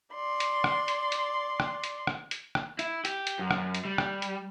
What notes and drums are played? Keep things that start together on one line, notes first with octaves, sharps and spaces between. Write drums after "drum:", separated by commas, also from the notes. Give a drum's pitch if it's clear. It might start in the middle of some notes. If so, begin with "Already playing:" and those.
D5 C6
drum: hi-hat
drum: rim click
drum: hi-hat
drum: hi-hat
drum: rim click
drum: hi-hat
drum: rim click
drum: hi-hat
drum: rim click
E4, drum: hi-hat
G4, drum: hi-hat
drum: hi-hat
F#2
drum: rim click
drum: hi-hat
G3
drum: rim click
drum: hi-hat